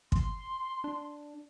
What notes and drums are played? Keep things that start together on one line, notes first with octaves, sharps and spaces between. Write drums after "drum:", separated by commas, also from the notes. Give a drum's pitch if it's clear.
C6, drum: kick
D4